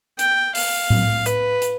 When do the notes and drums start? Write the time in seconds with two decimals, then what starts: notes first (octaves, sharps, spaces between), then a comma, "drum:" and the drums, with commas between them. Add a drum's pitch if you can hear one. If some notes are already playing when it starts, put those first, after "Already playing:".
0.19 G5, drum: hi-hat
0.55 F5, drum: open hi-hat
0.90 drum: tom A2
1.26 B4, drum: hi-hat
1.62 drum: hi-hat